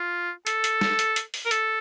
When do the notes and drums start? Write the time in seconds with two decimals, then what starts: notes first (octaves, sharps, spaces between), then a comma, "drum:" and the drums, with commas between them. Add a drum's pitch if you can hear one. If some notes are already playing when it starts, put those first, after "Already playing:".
Already playing: F4
0.47 A4, drum: hi-hat
0.64 drum: hi-hat
0.81 drum: snare
0.99 drum: hi-hat
1.16 drum: hi-hat
1.34 drum: open hi-hat
1.46 A#4
1.51 A4, drum: hi-hat